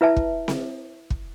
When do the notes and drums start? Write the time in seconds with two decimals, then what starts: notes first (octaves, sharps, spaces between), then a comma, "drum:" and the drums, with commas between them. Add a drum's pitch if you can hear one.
0.01 E4 B4 E5 A5
0.16 drum: kick
0.48 drum: snare C4
1.10 drum: kick